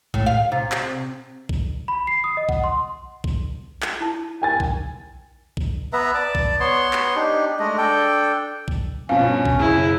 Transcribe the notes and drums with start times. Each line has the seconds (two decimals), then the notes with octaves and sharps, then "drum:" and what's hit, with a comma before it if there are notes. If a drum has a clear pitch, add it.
0.14 A2, drum: kick A#1
0.26 F5
0.52 C3
0.72 drum: clap
1.49 drum: kick A#1
1.88 B5
2.07 C7
2.24 D#6
2.37 D#5
2.49 F#5, drum: kick A#1
2.64 C6
3.24 drum: kick A#1
3.82 drum: clap
4.00 E4 A5
4.42 G5 G#5 A6
4.60 drum: kick A#1
5.57 drum: kick A#1
5.93 B3 B4 E5 A#5
6.14 D5 A5 D6
6.35 drum: kick A#1
6.60 B3 C#5 C6
6.93 drum: clap
7.16 D4 D#4 G4
7.60 G#3 A3 D4 D#5
7.78 D4 A4 G5
8.68 drum: kick A#1
9.09 G2 B2 F3 C#4 F5
9.45 drum: kick A#1
9.59 F#1 E4 G#4